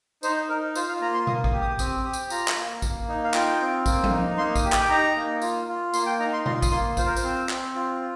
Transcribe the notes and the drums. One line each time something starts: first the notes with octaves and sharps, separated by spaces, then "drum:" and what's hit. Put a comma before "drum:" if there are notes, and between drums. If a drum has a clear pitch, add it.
D#4 C5, drum: tambourine
D#4 A#4
F4 C5, drum: tambourine
F5
A#3 A#5
C6
A#3 D#6, drum: tom B2
D#6, drum: kick A#1
G4
D#6
C4 D#6, drum: kick A#1, tambourine
G4 D#6
drum: tambourine
F4 A#5, drum: tambourine
drum: clap
A#3
A#3, drum: kick A#1, tambourine
D#4
F5
F4 G5, drum: clap
C4
A#3, drum: kick A#1, tambourine
drum: tom F3
D#4
A#3 C6
D#6, drum: kick A#1, tambourine
G4
D#6, drum: clap
G5
D#4 A#5
A#3
F4, drum: tambourine
F4
A#3 C6, drum: tambourine
G5
D#4 A#5
C6
F4 C6, drum: tom B2
D#6, drum: kick A#1, tambourine
A#3 C6
F4 C5, drum: kick A#1, tambourine
A#4
C5, drum: tambourine
C4
C4, drum: clap
F4